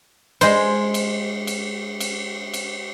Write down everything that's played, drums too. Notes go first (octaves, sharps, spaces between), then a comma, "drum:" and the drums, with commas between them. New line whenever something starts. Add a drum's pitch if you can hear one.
G#3 C5, drum: cymbal
drum: cymbal
drum: cymbal
drum: cymbal
drum: cymbal